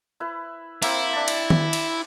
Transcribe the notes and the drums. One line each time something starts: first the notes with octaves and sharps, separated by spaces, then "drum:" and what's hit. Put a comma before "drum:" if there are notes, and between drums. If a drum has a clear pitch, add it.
E4 B4
A#3 C4 E4 C6, drum: cymbal
D4 A5
drum: cymbal
drum: tom D#3
drum: cymbal